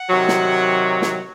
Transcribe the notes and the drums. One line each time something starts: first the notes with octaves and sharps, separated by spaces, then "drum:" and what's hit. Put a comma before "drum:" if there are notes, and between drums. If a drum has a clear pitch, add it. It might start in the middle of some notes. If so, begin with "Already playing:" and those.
Already playing: F#5
C3 D#3 F#3
drum: snare
drum: snare